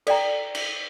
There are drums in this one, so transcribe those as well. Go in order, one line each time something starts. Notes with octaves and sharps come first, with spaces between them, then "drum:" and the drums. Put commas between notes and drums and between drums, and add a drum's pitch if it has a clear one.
A4 D5 G5 A#5, drum: cymbal
drum: cymbal